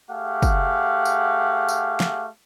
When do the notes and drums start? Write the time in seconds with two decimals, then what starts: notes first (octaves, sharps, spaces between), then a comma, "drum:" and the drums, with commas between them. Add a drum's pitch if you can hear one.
0.11 A3 G4 G#4 F5 F#5
0.42 drum: kick, tambourine
1.05 drum: tambourine
1.68 drum: tambourine
2.00 drum: snare